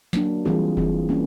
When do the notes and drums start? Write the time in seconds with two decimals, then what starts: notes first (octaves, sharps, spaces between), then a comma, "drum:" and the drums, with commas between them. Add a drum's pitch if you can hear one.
0.13 F#3 A#3 D4, drum: snare
0.45 E3 G3 C4 F4 G#4
0.77 E3 G3 C4 F4 G#4, drum: kick F1
1.09 G3 A#3 C#4